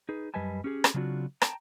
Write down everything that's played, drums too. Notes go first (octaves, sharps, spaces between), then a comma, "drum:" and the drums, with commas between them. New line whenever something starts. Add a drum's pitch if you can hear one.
D#4 G#4 B4
F#2 G3 B4 D#5 G#5 A5
C#4 G4 G#4
drum: rim click
C#3 F#3 C4 D4 F4 F#4
G5 A5 A#5, drum: rim click